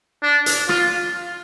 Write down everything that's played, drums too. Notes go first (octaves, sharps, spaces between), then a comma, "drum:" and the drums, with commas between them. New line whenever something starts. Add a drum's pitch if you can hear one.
D4
drum: hi-hat
F4, drum: rim click